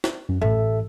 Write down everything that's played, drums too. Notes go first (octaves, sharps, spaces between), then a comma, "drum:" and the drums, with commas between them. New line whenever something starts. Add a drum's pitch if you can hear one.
drum: snare
F#2
A1 A4 E5